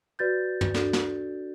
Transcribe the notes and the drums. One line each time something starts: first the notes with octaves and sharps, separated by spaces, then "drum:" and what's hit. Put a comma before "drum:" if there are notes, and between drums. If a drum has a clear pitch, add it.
F#4 B4 D5 G6 A6
drum: tom
D4 F#4 A4 D5, drum: snare
drum: snare